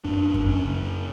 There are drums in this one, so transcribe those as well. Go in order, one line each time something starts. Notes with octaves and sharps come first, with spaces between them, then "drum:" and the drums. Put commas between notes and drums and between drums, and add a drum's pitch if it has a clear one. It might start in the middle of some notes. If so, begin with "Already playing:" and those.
F#2 D4
F#2, drum: kick F#2
C#4
C#3